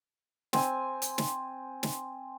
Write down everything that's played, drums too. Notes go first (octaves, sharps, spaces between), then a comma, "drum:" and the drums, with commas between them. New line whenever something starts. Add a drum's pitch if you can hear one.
C4 G#5, drum: snare
drum: hi-hat
drum: snare
drum: snare